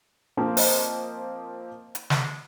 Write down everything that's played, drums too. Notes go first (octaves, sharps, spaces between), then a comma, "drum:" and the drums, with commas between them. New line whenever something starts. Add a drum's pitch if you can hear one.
F3 A#3 C4
C5 D#5, drum: open hi-hat
drum: hi-hat
drum: snare